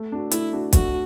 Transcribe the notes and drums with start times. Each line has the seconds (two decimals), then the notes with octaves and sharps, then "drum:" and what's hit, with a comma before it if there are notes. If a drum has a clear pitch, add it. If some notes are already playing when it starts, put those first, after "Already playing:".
Already playing: A3
0.12 D4 F#4
0.31 A3 E4, drum: hi-hat
0.53 D4 F#4
0.73 A3 F#4, drum: kick, hi-hat